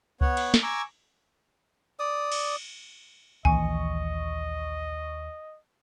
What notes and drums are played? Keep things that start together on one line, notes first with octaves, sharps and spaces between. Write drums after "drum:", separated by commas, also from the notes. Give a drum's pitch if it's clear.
B3 C#5 F#5, drum: kick C#2
drum: cymbal
drum: snare
G#5 A#5 C#6 D6 E6
D5 D#6
drum: cymbal
A#1 D#2 E3 D#5 G#5 C#6, drum: kick C#2